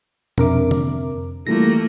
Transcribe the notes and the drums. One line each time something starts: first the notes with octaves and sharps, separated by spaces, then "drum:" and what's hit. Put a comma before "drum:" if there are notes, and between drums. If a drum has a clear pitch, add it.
F2 C3 D4 A#4 E5 D6, drum: tom B2
drum: tom D3
E3 G3 A3 A#3 F4 A#6